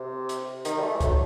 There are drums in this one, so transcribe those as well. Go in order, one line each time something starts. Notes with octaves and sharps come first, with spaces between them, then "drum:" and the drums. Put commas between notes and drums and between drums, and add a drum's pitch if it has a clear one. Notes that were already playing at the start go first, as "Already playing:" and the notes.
Already playing: C3
drum: hi-hat
D#3, drum: hi-hat
G3
A3
E3
F#3, drum: kick C2, hi-hat